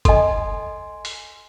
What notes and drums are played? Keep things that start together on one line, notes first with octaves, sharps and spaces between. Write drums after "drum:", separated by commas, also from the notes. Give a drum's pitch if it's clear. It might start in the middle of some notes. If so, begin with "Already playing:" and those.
A4 D#5 G#5 C6, drum: kick F#1, hi-hat
drum: open hi-hat